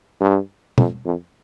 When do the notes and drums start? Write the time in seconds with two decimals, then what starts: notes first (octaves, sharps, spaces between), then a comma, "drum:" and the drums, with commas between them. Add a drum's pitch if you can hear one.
0.21 G2
0.78 F2, drum: tom
1.05 F2